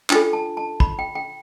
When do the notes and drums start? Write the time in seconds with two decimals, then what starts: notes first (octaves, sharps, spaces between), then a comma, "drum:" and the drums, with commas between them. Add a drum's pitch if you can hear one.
0.10 D4 F4 A4 G5, drum: clap
0.33 A5
0.57 A5
0.80 B5, drum: kick
0.99 G5
1.15 G5